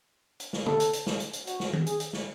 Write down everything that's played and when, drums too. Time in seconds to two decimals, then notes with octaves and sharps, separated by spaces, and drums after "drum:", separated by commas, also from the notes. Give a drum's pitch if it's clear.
0.40 drum: hi-hat
0.53 drum: snare
0.66 A4, drum: tom
0.80 drum: hi-hat
0.93 drum: hi-hat
1.06 drum: snare
1.20 drum: hi-hat
1.33 drum: hi-hat
1.47 F#4, drum: hi-hat
1.60 drum: snare
1.73 drum: tom D#3
1.86 G#4, drum: hi-hat
2.00 drum: hi-hat
2.13 drum: snare